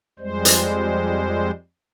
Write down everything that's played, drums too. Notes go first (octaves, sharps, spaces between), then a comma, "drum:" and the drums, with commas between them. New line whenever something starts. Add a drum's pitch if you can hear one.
F2 G3 G#3 C5
drum: hi-hat